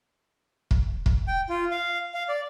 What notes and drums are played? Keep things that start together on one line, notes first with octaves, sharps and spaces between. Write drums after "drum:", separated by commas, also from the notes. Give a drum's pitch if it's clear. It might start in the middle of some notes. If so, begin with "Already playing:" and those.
drum: kick
drum: kick
G5
F4
F5
F5
D5